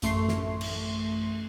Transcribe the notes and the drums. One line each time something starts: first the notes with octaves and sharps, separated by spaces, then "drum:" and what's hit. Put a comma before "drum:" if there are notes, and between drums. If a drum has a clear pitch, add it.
A1 F#2 A3 C6 C#6 C7, drum: hi-hat
drum: snare
drum: cymbal